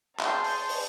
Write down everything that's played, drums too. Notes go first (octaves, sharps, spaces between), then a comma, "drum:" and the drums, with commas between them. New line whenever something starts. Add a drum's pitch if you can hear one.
G#4 C#5 A5 C6 G6, drum: clap
drum: open hi-hat
drum: open hi-hat